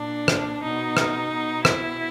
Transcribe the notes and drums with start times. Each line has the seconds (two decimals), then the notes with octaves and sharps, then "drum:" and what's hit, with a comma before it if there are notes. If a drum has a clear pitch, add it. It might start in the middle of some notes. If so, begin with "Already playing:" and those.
Already playing: A#2 D4
0.28 drum: rim click
0.62 B2 D#4
0.97 drum: rim click
1.31 B2
1.65 E4, drum: rim click